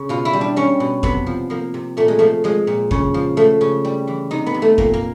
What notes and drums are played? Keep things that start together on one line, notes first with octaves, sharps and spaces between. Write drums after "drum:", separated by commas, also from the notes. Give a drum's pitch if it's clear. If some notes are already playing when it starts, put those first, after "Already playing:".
Already playing: C#3
B2 F4
E4
G3
D4
G3 C#4
B2
C3 B3, drum: kick F2
F3
F3 A#3
C3
A#2 A3
G#3
F3 A3
F3 G#3
A#2
C#3, drum: kick F2
F3
F3 A3
C#3
G3
E3
C3 D#4
B3
C3
A3
A#2 A#3, drum: kick F2
A#3